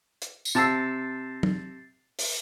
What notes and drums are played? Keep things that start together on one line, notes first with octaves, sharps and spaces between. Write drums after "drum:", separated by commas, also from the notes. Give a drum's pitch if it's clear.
drum: hi-hat
drum: tambourine
C3 A5 E6 A6 C7
drum: tom
drum: open hi-hat